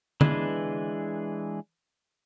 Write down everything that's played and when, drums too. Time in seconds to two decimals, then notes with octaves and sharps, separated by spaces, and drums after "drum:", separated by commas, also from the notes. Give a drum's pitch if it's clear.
0.21 E3 G#3 D4 G#4 B4, drum: tom